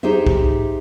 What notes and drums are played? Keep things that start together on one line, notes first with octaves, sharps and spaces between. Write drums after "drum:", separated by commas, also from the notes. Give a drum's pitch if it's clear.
D#4 G4 G#4 C5 E5
drum: kick C2